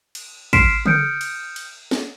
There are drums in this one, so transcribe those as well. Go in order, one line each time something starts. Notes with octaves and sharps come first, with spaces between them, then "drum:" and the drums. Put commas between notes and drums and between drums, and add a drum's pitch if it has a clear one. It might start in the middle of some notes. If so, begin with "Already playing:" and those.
drum: cymbal
C6 F6 B6 C7 D7 E7, drum: kick, cymbal
D#6 F6 G6 C#7 D7, drum: tom C#3
drum: cymbal
drum: cymbal
drum: snare